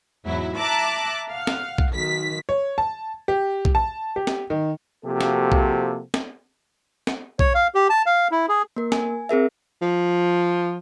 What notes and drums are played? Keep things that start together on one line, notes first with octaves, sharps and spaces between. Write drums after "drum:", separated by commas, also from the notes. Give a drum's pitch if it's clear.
E2 G#2 F#3 E4
E5 A5 A#5 D6 F#6
F5 F#5
drum: snare
drum: kick
B1 D#3 B6
C#5
A5
G4
drum: kick
A5
G4
drum: snare
D#3
C3 F3 A#3 F#4 G4 A4
drum: snare
drum: kick
drum: snare
drum: snare
C#5, drum: kick
F5
G4
A5
F5
E4
G#4
A#3 A#4
G#5, drum: snare
C4 G#4 A#4 E5
F3